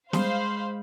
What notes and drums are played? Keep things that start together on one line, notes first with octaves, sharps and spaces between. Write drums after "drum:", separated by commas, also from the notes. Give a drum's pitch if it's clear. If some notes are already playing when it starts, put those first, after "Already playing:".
G3 G#3 C5 F5 B5, drum: snare